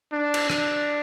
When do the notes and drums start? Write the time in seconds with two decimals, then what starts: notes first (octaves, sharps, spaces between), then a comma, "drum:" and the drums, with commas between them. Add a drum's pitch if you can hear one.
0.12 D4
0.34 drum: cymbal
0.50 D4, drum: rim click